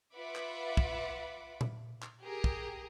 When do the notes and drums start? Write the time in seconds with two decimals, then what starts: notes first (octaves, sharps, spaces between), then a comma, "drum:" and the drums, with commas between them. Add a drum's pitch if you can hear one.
0.15 F4 B4 E5 F#5 B5 D6
0.36 drum: clap
0.77 drum: kick
1.61 drum: tom A#2
2.02 drum: clap
2.23 G4 G#4 A#4 A#5 D#6
2.44 drum: kick